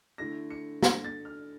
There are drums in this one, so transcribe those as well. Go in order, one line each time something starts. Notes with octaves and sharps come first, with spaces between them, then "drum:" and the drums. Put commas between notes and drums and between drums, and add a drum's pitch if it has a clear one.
D3 A3 E4 A#6
C#7
A#6, drum: snare
A6
F6